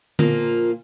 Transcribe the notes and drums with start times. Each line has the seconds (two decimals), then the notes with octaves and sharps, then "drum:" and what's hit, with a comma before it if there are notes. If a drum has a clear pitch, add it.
0.19 A#2 F3 A#3 F4, drum: tom D3